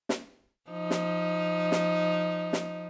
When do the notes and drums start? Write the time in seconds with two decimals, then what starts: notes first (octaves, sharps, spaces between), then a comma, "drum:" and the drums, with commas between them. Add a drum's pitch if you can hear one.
0.09 drum: snare
0.70 F3 D#4
0.90 drum: snare
1.72 drum: snare
2.53 drum: snare